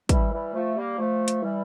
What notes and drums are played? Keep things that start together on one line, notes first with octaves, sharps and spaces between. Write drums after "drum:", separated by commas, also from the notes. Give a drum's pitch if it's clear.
E3 G3, drum: kick, hi-hat
E3 G3
F3 A3
G3 A#3
F3 A3
drum: hi-hat
E3 G3